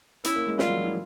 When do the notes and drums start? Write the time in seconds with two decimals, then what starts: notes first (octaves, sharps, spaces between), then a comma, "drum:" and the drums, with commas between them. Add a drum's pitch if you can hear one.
0.24 C#4 E4, drum: hi-hat
0.36 A#3
0.47 G#3
0.59 G3 F4, drum: snare
0.67 F#3
0.76 F3
0.84 E3